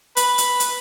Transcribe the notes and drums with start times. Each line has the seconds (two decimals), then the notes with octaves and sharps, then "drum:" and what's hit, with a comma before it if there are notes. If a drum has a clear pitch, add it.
0.17 B4, drum: hi-hat
0.38 drum: hi-hat
0.60 drum: hi-hat